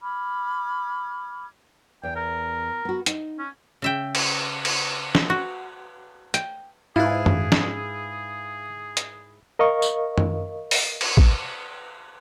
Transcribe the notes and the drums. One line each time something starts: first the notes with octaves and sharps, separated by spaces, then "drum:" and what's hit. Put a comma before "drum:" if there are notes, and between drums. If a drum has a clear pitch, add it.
B5 D6 F6 G#6
E2 G5
A#4
B3 F#4
D#4, drum: hi-hat
C#4
C#3 E5 G5
drum: cymbal
drum: cymbal
drum: snare
F#4
G5, drum: hi-hat
G#2 E4 F4 G#4 B4
drum: tom F#2
drum: snare
drum: hi-hat
A#4 D#5 F5 C#6
drum: tambourine
drum: tom F#2
drum: open hi-hat
drum: cymbal
drum: kick